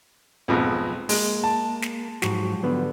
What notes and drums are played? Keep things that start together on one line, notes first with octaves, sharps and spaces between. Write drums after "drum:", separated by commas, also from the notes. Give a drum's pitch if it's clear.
B1 F2 G#2 F3 B4
G#3 A#3, drum: open hi-hat
A5
drum: snare
G#2 F3 F#3 F#4 G4, drum: snare
D3 B3